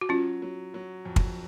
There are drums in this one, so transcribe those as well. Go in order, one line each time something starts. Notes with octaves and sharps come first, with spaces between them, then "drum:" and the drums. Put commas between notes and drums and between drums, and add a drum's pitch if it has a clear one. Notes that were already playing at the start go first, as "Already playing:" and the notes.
F#4
F#3 C#4 F4
F#3
F#3
F2
drum: kick